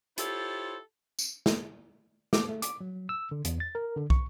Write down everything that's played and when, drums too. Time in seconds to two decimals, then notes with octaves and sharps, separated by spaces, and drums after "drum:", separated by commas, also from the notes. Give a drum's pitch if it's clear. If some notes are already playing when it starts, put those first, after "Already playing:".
0.18 E4 F4 G4 A4 C5 C#5, drum: hi-hat
1.19 drum: tambourine
1.46 drum: snare
2.33 D6, drum: snare
2.49 A3
2.62 D6, drum: hi-hat
2.81 F#3
3.09 E6
3.31 D3
3.45 E2, drum: hi-hat
3.60 A6
3.75 A#4
3.96 D3
4.10 C#6, drum: kick